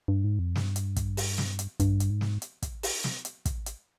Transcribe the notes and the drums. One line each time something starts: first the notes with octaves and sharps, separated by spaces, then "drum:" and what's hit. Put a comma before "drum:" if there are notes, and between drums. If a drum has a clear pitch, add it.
G2
G#2
F2
G2, drum: snare
drum: hi-hat
drum: kick, hi-hat
drum: open hi-hat
drum: snare
drum: hi-hat
G2, drum: kick, hi-hat
drum: hi-hat
G#2
drum: snare
drum: hi-hat
drum: kick, hi-hat
drum: open hi-hat
drum: snare
drum: hi-hat
drum: kick, hi-hat
drum: hi-hat